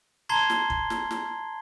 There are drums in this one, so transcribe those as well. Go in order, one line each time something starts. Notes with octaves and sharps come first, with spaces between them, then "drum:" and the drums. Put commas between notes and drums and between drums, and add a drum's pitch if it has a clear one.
A5 A#5 C6 G#6 C7 G7
drum: snare
drum: kick
drum: snare
drum: snare